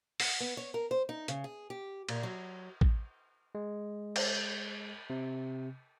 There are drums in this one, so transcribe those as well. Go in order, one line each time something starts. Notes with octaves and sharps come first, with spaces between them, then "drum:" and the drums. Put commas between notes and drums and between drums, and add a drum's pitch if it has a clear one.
F#5, drum: open hi-hat
B3
C#5
A#4
C5
D#4
C#3, drum: hi-hat
G#4
G4
A#2, drum: cymbal
F#3
drum: kick
G#3
drum: cymbal
C3